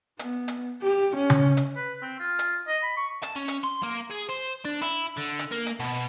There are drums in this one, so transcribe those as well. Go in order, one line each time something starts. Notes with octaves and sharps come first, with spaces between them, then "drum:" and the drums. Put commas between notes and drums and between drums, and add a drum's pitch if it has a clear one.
B3, drum: hi-hat
drum: hi-hat
G4
C#4
drum: tom C#3
drum: hi-hat
B4
C4
F4
drum: hi-hat
D#5
B5
C#6
A5, drum: hi-hat
C#4
drum: hi-hat
C6
A#3
G#4
C5
D4
E4, drum: hi-hat
D3
drum: hi-hat
A#3
drum: hi-hat
B2